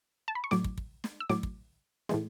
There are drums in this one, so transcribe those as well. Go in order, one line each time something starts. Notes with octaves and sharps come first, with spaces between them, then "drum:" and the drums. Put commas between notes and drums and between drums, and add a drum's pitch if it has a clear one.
A5
B5
C#6
A2 F#3 D6, drum: snare
drum: kick
drum: kick
drum: snare
E6
A2 F#3 D6, drum: snare
drum: kick
A2 E3 G#3, drum: snare